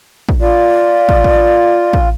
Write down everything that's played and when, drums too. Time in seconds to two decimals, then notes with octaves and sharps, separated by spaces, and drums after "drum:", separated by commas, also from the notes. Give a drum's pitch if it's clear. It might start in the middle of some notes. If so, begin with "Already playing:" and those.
0.29 drum: kick
0.41 F4 D5
1.09 drum: kick
1.24 drum: kick
1.93 drum: kick